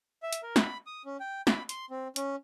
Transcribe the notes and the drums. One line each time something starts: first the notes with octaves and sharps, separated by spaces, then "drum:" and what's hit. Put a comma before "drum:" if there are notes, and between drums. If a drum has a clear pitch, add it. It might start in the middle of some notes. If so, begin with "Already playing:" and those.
E5
drum: hi-hat
A#4
B5, drum: snare
D#6
C#4
G5
B5, drum: snare
C6, drum: hi-hat
C4
C#4, drum: hi-hat